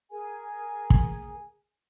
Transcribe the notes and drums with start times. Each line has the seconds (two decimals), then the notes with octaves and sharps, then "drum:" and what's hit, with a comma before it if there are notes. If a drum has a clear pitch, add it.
0.11 G#4 A#4 G#5
0.90 drum: kick